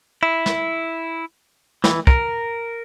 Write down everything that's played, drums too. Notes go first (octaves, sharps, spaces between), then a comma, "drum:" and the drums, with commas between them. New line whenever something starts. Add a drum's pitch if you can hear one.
E4
drum: snare
E3, drum: snare
A#4, drum: kick